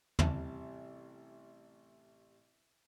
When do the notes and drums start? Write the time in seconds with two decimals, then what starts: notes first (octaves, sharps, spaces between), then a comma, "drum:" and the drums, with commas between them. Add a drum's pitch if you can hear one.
0.19 A1 C3 G3 A5, drum: tom